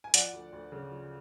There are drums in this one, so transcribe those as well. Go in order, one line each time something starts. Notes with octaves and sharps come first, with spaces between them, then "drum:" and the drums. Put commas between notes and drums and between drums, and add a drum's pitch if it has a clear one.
G#5
F3 D5 F#5, drum: hi-hat
D2
D2
C#3
F3